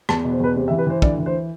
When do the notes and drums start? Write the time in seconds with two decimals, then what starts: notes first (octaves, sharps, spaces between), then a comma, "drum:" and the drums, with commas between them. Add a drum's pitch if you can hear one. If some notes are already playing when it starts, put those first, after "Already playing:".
0.09 E2 A5, drum: rim click
0.24 B2
0.32 C5
0.40 E2 B4
0.56 C3 C5
0.68 E5
0.71 E3
0.78 B4
0.87 E3 C5
1.02 D2 D5, drum: kick
1.19 E3
1.26 C5